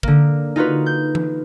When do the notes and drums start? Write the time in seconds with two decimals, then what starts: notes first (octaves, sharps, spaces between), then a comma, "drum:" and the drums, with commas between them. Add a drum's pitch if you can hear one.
0.03 D3 A#3, drum: kick
0.56 D#4 F4 F#4 B4
0.86 G6
1.15 drum: tom E3